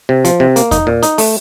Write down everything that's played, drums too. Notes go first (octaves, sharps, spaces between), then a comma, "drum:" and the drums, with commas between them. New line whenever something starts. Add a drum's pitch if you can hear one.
C3
F3, drum: hi-hat
C3
A#3, drum: hi-hat
D#4, drum: kick E2, hi-hat
A#2
D#4, drum: hi-hat
A3, drum: open hi-hat